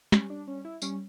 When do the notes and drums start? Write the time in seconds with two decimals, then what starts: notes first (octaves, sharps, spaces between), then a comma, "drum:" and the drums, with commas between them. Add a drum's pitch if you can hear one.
0.12 G3 C#4, drum: snare
0.30 D4
0.47 C#4
0.65 E4
0.82 G3 C#4, drum: tambourine